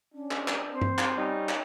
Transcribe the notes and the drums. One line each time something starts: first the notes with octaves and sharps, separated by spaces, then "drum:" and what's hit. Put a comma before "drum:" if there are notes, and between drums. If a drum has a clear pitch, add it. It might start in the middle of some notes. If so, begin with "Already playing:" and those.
C#4 D4
drum: clap
drum: clap
C4 C5
drum: tom G2
drum: clap
G3 C#4 D#4
drum: clap